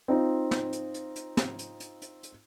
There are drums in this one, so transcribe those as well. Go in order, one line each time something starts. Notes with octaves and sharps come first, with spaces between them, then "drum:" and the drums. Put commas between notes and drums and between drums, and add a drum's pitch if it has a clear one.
C4 D#4 F4
drum: snare
drum: hi-hat
drum: hi-hat
drum: hi-hat
drum: snare
drum: hi-hat
drum: hi-hat
drum: hi-hat
drum: hi-hat